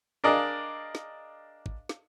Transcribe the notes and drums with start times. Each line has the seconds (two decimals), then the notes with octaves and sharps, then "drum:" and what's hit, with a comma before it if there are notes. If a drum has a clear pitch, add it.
0.24 D4 G#4 A#4 D5 D#5 F5
0.95 drum: snare
1.66 drum: kick
1.89 drum: snare